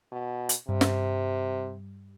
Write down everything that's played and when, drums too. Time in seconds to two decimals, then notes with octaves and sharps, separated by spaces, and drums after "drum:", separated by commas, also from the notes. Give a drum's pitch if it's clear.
0.12 B2
0.49 drum: hi-hat
0.69 G2 C3 G3
0.81 drum: snare